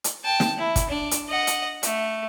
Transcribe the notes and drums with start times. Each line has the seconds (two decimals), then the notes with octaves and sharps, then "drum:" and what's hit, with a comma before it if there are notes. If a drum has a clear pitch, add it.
0.04 drum: hi-hat
0.24 G5 A5
0.40 drum: snare
0.58 E4
0.76 drum: kick, hi-hat
0.89 D4
1.11 drum: hi-hat
1.29 D#5 F#5
1.47 drum: hi-hat
1.83 A3, drum: hi-hat